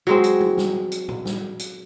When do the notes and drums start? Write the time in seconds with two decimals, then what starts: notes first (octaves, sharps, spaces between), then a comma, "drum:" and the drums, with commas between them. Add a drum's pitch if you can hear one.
0.07 F#3 G#3 C4
0.24 drum: hi-hat
0.41 drum: tom G#3
0.58 drum: snare
0.91 drum: hi-hat
1.08 drum: tom A#2
1.25 drum: snare
1.59 drum: hi-hat